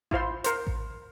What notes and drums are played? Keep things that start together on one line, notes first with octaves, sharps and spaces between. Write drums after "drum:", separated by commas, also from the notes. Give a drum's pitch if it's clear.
E4 F4 C5 C6, drum: kick A1
A#4 C5, drum: hi-hat
drum: kick A1